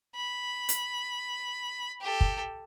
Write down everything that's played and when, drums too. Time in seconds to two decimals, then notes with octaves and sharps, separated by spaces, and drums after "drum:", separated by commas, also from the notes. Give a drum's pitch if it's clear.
0.16 B5
0.69 drum: hi-hat
2.01 G4 A4
2.21 drum: kick